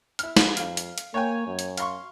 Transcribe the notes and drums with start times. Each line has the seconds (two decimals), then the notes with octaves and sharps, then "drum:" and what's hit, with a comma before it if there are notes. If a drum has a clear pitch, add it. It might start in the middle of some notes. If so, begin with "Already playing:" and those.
0.19 E4 F6, drum: hi-hat
0.36 drum: snare
0.57 F2 F5, drum: hi-hat
0.77 drum: hi-hat
0.98 drum: hi-hat
1.14 A#3 C#5 G5 G#5
1.47 F#2
1.59 drum: hi-hat
1.78 F5 C6 C#6, drum: hi-hat